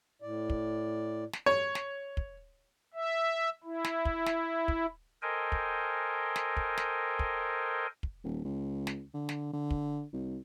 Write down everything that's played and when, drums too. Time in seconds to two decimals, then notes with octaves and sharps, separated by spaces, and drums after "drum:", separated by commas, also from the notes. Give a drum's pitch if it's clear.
0.22 A2 D5
0.50 drum: kick
1.33 drum: snare
1.46 C#5
1.75 drum: snare
2.17 drum: kick
2.94 E5
3.64 E4
3.84 drum: snare
4.05 drum: kick
4.26 drum: snare
4.68 drum: kick
5.22 A4 A#4 C5 D#5 G5 G#5
5.52 drum: kick
6.36 drum: snare
6.57 drum: kick
6.77 drum: snare
7.19 drum: kick
8.03 drum: kick
8.24 D#1
8.45 C#2
8.87 drum: snare
9.14 D3
9.29 drum: snare
9.54 D3
9.71 drum: kick
10.13 C2